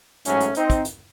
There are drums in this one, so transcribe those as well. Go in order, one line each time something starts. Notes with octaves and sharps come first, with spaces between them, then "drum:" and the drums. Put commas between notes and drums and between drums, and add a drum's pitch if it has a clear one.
A1 G#2 F#3 A3 C#4, drum: hi-hat
drum: hi-hat
C4 D#4, drum: hi-hat
drum: kick, hi-hat
drum: hi-hat